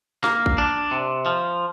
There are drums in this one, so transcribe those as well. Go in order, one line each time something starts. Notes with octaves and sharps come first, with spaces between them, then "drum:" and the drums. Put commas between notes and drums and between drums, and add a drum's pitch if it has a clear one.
A#3, drum: snare
drum: kick A1
D4
C3
F3